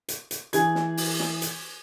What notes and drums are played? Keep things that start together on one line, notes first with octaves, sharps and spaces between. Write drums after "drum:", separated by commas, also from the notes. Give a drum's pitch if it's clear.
drum: hi-hat
drum: hi-hat
E3 G#4 G#6, drum: hi-hat
drum: snare
drum: open hi-hat
drum: snare
drum: hi-hat